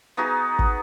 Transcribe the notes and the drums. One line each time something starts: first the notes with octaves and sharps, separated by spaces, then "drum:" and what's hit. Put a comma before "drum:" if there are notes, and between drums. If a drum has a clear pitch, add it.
B3 D#4 F#4 G#4
drum: kick